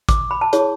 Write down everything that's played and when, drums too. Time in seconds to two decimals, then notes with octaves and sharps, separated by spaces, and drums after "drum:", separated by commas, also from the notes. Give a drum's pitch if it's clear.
0.09 D6, drum: kick A1, hi-hat
0.31 B5
0.41 A5
0.53 E4 G#4 C#5, drum: hi-hat